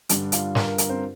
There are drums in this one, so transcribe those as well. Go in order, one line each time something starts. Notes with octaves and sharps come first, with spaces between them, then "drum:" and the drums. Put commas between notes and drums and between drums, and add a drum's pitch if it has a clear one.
G2 D3 G3 D4, drum: hi-hat
F4 F5, drum: hi-hat
A#4, drum: snare
A#4
A#4, drum: hi-hat
C4 C5